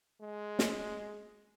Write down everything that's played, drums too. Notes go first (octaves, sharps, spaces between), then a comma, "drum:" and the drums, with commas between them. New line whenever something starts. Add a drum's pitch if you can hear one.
G#3
drum: snare